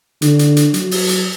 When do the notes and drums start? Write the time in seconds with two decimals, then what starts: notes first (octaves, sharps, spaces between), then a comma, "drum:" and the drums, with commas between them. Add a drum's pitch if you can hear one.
0.22 D3, drum: hi-hat
0.39 drum: hi-hat
0.57 drum: hi-hat
0.74 F#3, drum: hi-hat
0.91 drum: open hi-hat
1.09 drum: hi-hat